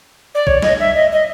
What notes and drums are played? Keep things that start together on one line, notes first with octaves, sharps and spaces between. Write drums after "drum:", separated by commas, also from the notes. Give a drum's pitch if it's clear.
D5
C#5, drum: kick
D#5, drum: snare
E5
D#5
D#5